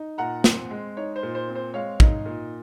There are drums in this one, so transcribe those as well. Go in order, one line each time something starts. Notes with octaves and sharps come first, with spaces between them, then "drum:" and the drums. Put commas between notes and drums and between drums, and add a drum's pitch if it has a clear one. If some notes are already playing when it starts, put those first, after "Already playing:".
Already playing: D#4
A#2 F#5 A#5
C4, drum: snare
G#3
D#4 C#5
C5
A#2
C5
C4
C5
G#3 C#5 F5
D#4, drum: kick
A#2